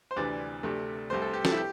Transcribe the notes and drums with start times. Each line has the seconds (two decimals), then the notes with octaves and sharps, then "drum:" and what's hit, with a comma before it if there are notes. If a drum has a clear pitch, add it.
0.11 C5
0.16 D2 C3 E3 D5
0.63 D2 C3 A3
1.10 C2 C3 A3 C5
1.22 A4
1.33 G4
1.45 A4, drum: snare
1.52 E4
1.57 G4